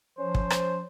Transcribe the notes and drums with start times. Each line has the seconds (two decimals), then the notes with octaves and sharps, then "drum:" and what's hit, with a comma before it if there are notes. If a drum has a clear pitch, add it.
0.19 F3 C#4 C5
0.35 drum: kick
0.50 drum: rim click